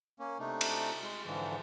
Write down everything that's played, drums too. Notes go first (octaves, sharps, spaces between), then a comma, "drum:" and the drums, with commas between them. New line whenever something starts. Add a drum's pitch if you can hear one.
A#3 C#4
C3 A3 D4 D#4
drum: cymbal
G#3
G#2 D3 E3 F3